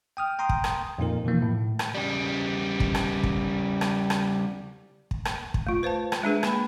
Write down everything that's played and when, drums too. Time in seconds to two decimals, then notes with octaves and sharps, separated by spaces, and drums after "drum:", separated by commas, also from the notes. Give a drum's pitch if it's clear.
0.17 G5 D#6 F6
0.39 G5 A#5 C6 D#6
0.49 drum: kick
0.64 drum: rim click
0.98 F2 A#2 D#4 A#4
1.25 B2 E3 F3 A#3
1.42 A2
1.79 drum: rim click
1.95 C#3 G3
2.80 drum: kick
2.95 drum: rim click
3.23 drum: kick
3.81 drum: rim click
4.10 drum: rim click
5.11 drum: kick
5.25 drum: rim click
5.54 drum: kick
5.67 A3 F4
5.83 B4 C5 F5 A5
6.12 drum: rim click
6.23 G#3 D4 G#4 B4
6.43 A#3 G#5 B5, drum: rim click